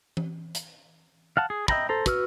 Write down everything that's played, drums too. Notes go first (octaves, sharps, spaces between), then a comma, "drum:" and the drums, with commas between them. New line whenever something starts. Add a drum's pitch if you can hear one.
drum: tom E3
drum: hi-hat
F5 F#5 A5
G#4
D#5 E5 G5 A#5 B5, drum: kick
A4 C5 A#5
F#4 B4 E6 F6, drum: kick, hi-hat